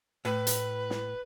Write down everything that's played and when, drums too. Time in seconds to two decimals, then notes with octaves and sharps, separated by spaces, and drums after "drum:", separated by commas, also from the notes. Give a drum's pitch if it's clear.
0.25 A2 B4
0.47 drum: hi-hat
0.90 drum: snare